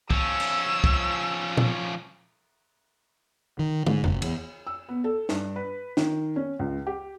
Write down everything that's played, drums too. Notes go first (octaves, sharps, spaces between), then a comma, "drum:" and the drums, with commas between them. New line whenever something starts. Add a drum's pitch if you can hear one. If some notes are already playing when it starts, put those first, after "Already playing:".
F3 C#4 E6, drum: kick
drum: cymbal
drum: kick
drum: tom A#2
D#3
G#2, drum: tom
F#1, drum: tom E2
E2, drum: cymbal
E6
B3
A4
G2, drum: snare
B4
D#3, drum: snare
C#4
C#2
G4